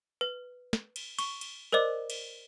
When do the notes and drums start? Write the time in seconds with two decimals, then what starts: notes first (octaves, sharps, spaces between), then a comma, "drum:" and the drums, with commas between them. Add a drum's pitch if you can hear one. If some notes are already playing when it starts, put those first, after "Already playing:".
0.21 B4
0.73 drum: snare
0.96 drum: cymbal
1.19 C#6, drum: cymbal
1.41 drum: cymbal
1.72 A#4 C5 D5 D#5 D6
2.10 drum: cymbal